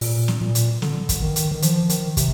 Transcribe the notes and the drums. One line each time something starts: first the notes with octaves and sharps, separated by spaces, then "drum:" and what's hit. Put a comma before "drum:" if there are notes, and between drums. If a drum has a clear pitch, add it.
A#2, drum: open hi-hat
drum: snare
A#2
drum: hi-hat
D3, drum: snare
drum: kick, hi-hat
D#3
drum: hi-hat
D#3
F3, drum: hi-hat
D#3, drum: hi-hat
C3, drum: kick, hi-hat